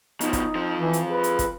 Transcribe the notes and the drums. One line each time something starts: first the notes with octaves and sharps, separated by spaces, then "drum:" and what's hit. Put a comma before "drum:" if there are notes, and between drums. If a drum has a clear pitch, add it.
B2 F3 D#4, drum: hi-hat
drum: kick, hi-hat
F2 F3
E3
drum: hi-hat
G#4 B4
drum: hi-hat
drum: kick, hi-hat